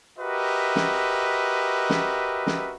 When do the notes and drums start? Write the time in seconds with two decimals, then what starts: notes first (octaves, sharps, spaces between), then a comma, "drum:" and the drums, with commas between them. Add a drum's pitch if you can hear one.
0.19 F#4 G4 A#4 B4 D#5 E5
0.76 drum: snare
1.90 drum: snare
2.47 drum: snare